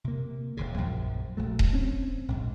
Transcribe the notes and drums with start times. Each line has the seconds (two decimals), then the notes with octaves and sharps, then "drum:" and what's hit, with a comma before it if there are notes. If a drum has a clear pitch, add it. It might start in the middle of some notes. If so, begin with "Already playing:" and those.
0.04 C3 A#3
0.57 D#1 D#2 C#3
0.77 A#1 F#2 F3
1.37 A#1 F#3 A3
1.59 drum: kick D#1
1.73 C4 C#4
2.28 A#1 G#2